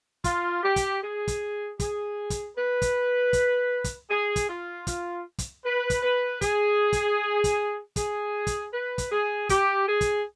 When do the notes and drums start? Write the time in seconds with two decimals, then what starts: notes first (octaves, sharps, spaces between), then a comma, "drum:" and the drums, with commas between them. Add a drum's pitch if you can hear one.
0.24 F4, drum: kick, hi-hat
0.63 G4
0.76 drum: kick, hi-hat
1.02 G#4
1.28 drum: kick, hi-hat
1.80 G#4, drum: kick, hi-hat
2.30 drum: kick, hi-hat
2.56 B4
2.82 drum: kick, hi-hat
3.33 drum: kick, hi-hat
3.84 drum: kick, hi-hat
4.10 G#4
4.36 drum: kick, hi-hat
4.49 F4
4.87 F4, drum: kick, hi-hat
5.38 drum: kick, hi-hat
5.65 B4
5.90 drum: kick, hi-hat
6.02 B4
6.41 G#4, drum: kick, hi-hat
6.93 drum: kick, hi-hat
7.44 drum: kick, hi-hat
7.96 G#4, drum: kick, hi-hat
8.47 drum: kick, hi-hat
8.73 B4
8.98 drum: kick, hi-hat
9.11 G#4
9.49 G4, drum: kick, hi-hat
9.88 G#4
10.01 drum: kick, hi-hat